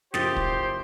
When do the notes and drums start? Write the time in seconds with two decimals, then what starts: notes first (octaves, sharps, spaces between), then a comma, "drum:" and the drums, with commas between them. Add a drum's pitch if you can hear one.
0.14 F#1 F3 G4 C5 D#6 E6 A6, drum: snare
0.36 drum: kick